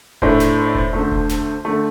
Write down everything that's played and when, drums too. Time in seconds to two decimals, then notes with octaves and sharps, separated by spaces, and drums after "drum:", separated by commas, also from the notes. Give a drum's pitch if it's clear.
0.22 A2 A3 D4 C5, drum: kick E1
0.40 drum: snare
0.58 C5
0.66 D5
0.75 C5, drum: kick E1
0.93 D2 D3 A3
1.12 drum: kick E1
1.29 drum: snare
1.65 D3 A3